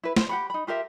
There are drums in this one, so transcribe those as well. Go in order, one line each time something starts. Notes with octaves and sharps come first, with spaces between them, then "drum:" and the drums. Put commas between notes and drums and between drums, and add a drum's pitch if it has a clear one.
E4 B4
C5, drum: snare
G4 F#5 B5
D#4 B5
F4 G4 A#4 E5